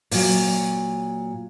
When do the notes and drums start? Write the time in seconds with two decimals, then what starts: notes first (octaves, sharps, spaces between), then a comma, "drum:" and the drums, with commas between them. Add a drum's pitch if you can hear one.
0.11 A#2 F#3, drum: open hi-hat